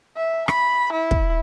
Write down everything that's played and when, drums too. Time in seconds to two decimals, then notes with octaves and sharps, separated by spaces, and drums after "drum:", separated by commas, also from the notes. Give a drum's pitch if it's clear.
0.17 E5
0.48 B5, drum: rim click
0.92 E4
1.11 drum: kick